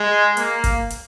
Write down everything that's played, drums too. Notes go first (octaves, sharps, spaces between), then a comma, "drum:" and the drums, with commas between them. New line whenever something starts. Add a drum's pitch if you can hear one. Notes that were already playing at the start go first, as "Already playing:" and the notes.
Already playing: G#3
A#3, drum: hi-hat
drum: kick G1, hi-hat
drum: hi-hat